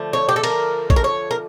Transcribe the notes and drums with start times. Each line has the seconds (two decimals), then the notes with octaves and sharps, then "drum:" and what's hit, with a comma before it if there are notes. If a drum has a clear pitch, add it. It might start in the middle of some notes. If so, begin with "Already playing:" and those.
Already playing: D3 F3 A3
0.13 C#5
0.29 G4
0.36 A4
0.44 A#4, drum: cymbal
0.90 C#5, drum: kick A#1
0.96 A#4
1.04 C#5
1.31 A#4